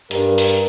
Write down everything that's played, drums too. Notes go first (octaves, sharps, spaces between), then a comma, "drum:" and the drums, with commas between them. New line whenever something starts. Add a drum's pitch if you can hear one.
G2 A#4, drum: hi-hat
drum: open hi-hat